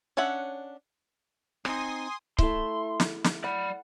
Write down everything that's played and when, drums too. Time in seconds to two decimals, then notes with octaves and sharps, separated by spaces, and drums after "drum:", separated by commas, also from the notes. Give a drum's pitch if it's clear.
0.17 C#4 D4 C#5 E5 F#5
1.65 C4 D#4 G#5 C6 D#6, drum: rim click
2.38 A3 E4 C6, drum: kick C#1
3.00 drum: snare
3.24 drum: snare
3.44 D5 F#5 B5